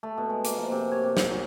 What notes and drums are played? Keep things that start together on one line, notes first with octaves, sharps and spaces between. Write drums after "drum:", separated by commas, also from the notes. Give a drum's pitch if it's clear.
A3
B2
G#3
A#3, drum: hi-hat
F3
C3
C#5
C3
C5, drum: snare
F#3